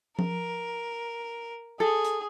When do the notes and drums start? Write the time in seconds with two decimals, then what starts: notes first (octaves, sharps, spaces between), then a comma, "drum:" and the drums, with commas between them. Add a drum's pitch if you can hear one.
0.19 A#4, drum: tom F3
1.80 G#4 A4
2.05 drum: hi-hat